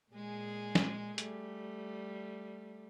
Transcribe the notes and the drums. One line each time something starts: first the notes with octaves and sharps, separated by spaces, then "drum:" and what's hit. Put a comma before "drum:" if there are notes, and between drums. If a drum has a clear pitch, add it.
A#2 G#3 G#4
drum: snare
G3 A3, drum: hi-hat